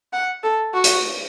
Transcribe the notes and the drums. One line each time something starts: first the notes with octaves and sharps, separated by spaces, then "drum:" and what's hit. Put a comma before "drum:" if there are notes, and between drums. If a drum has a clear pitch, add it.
F#5
A4
F#4
drum: hi-hat